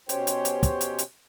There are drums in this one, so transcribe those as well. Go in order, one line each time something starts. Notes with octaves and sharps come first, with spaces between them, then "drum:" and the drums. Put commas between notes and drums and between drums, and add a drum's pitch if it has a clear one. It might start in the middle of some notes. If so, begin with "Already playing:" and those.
B2 C#4 G4 C5 C#5 G5, drum: hi-hat
drum: hi-hat
drum: hi-hat
drum: kick, hi-hat
drum: hi-hat
drum: hi-hat